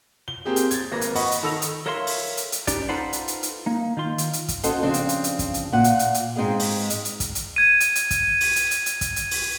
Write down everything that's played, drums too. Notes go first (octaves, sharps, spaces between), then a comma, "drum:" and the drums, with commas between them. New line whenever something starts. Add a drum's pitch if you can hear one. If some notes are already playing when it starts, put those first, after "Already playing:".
G7
A#3 C4 G4 G#4
drum: hi-hat
G#6 A6, drum: hi-hat
G#1 A#3 B4 A#6
drum: hi-hat
D#5 F#5 B5 C#6, drum: open hi-hat
drum: hi-hat
D#3 A4 B5 E6 A#6 F7
drum: hi-hat
A4 A#4 C#5 E5 F5 C6
drum: open hi-hat
drum: hi-hat
drum: hi-hat
C#4 D#4 G4 B4 D5, drum: kick, hi-hat
D#4 F4 A4 B4 C5 F#5
drum: hi-hat
drum: hi-hat
drum: hi-hat
A#3 D#4
D#3 F4 C6
drum: hi-hat
drum: hi-hat
drum: kick, hi-hat
C#4 F4 F#4 A4 C5 D#5, drum: hi-hat
C#3 F3 C4 D4
drum: hi-hat
drum: hi-hat
drum: hi-hat
drum: kick, hi-hat
drum: hi-hat
A#2 F#5
drum: hi-hat
drum: hi-hat
drum: hi-hat
G#2 G#3 C4 D4 G#4 F5
drum: open hi-hat
drum: hi-hat
drum: hi-hat
drum: kick, hi-hat
drum: hi-hat
G#6 D#7
drum: hi-hat
drum: hi-hat
drum: kick, hi-hat
drum: open hi-hat
drum: hi-hat
drum: hi-hat
drum: hi-hat
drum: kick, hi-hat
drum: hi-hat
drum: open hi-hat